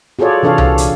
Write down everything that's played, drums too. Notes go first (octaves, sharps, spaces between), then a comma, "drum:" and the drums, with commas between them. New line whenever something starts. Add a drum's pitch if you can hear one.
F4 F#4 G#4 A4 C#5 D5
C3 E3 D4 A4 C#5 F5
drum: tom C2
drum: hi-hat